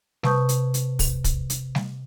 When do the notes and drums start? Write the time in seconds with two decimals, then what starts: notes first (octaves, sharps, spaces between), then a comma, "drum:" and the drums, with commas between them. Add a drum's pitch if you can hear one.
0.23 C3 B4 A5 C#6 D#6 G6, drum: snare G3
0.49 drum: hi-hat
0.74 drum: hi-hat
0.99 drum: kick, open hi-hat
1.24 drum: kick, hi-hat
1.50 drum: hi-hat
1.75 drum: snare G3